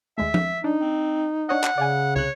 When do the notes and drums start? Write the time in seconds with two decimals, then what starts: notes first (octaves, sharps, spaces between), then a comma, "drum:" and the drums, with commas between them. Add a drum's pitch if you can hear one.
0.18 D#2 G#3 A3 E5
0.34 drum: tom F3
0.64 D4 D#4
0.81 C4
1.49 D4 C#5 D#5 F#5
1.64 drum: clap
1.78 C#3 D5 F5 G#5
2.16 C2 C#5 F#6